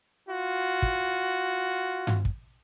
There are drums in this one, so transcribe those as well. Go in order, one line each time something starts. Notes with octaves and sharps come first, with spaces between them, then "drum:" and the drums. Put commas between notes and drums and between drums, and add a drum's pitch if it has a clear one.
F4 F#4
drum: kick
drum: tom G2
drum: kick